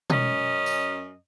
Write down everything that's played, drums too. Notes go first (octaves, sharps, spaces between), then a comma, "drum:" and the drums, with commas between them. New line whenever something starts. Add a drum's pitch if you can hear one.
F#2 C#4 D#5, drum: tom B2
drum: tambourine